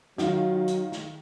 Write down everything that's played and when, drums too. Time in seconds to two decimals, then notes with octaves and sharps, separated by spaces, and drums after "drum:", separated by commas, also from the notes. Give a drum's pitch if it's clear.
0.18 D#3 F#3 F4, drum: snare
0.68 drum: hi-hat
0.92 drum: snare